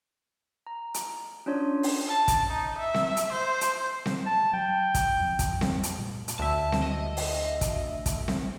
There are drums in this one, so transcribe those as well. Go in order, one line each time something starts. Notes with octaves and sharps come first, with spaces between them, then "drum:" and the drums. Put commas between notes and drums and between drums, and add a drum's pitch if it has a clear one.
A#5
drum: hi-hat
C#4 D4 F4 C#5 D5
drum: open hi-hat
A5
drum: kick, hi-hat
D#4
E5
drum: snare C4
drum: hi-hat
C5
drum: hi-hat
drum: snare C4
A5
F#3 G5
drum: kick, hi-hat
F2
drum: kick, hi-hat
drum: snare C4
drum: hi-hat
A#2 G3
drum: hi-hat
D2 E5 A5
drum: snare C4
D#5
drum: open hi-hat
drum: kick, hi-hat
drum: kick, hi-hat
drum: snare C4